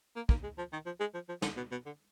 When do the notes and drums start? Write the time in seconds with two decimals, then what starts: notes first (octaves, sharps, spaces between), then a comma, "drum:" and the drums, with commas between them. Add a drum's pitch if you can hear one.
0.16 A#3
0.29 A#3, drum: kick
0.43 G#3
0.58 F3
0.73 D#3
0.86 F3
1.00 G#3
1.14 F3
1.29 F3
1.42 D3, drum: snare
1.57 B2
1.72 B2
1.86 D3